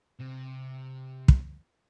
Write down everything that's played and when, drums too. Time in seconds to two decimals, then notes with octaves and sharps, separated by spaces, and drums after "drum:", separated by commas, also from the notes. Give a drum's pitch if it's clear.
0.20 C3
1.28 drum: kick